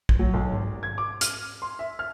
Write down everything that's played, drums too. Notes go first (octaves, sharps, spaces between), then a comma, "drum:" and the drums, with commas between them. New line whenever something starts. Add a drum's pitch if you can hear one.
drum: kick
F#3
B1
G#1
G#6
D6
F6, drum: hi-hat
C6
E5
F6